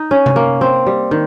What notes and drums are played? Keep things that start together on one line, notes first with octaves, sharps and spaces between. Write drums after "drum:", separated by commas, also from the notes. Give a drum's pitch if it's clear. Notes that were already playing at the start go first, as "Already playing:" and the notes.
Already playing: D#4
C#4
drum: tom C3
A#3
C4
G3
D#3